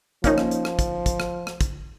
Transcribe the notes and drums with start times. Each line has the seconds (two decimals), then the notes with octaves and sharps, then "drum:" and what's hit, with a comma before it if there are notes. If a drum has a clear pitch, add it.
0.24 F3 A#3 C#4 D#4, drum: kick, hi-hat
0.38 drum: rim click
0.51 drum: hi-hat
0.65 drum: rim click
0.79 drum: kick, hi-hat
1.06 drum: kick, hi-hat
1.20 drum: rim click
1.47 drum: rim click
1.61 drum: kick, hi-hat